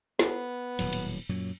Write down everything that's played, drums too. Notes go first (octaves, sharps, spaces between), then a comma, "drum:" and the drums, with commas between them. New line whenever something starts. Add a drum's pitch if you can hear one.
B3, drum: snare
D#1 A2 F#3, drum: cymbal
drum: cymbal
F#2 A#2 F#3